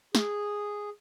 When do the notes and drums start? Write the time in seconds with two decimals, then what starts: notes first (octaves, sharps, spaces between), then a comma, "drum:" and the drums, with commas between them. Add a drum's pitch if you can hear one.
0.15 G#4, drum: snare